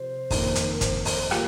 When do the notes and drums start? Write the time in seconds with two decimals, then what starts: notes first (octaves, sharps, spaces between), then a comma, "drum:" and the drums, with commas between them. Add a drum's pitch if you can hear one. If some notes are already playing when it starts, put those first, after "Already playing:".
Already playing: C3 F3 C5
0.31 F2 D#3 A#3, drum: kick, open hi-hat
0.55 drum: hi-hat
0.73 A#4
0.81 C5, drum: kick, hi-hat
1.05 C5, drum: open hi-hat
1.31 F3 A#3 G4 F5, drum: rim click